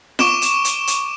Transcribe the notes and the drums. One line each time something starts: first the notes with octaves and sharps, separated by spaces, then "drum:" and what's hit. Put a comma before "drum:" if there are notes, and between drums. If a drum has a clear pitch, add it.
C#6 D6 D7 E7 G7, drum: snare F4
drum: hi-hat
drum: hi-hat
drum: hi-hat